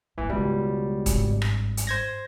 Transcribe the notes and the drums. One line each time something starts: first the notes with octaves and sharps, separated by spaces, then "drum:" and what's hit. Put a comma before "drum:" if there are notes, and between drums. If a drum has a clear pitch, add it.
G#1 E3 A#3
C#2 B2 G3 G#3
G#1 G2, drum: kick, hi-hat
drum: rim click
drum: hi-hat
C5 G#6 A#6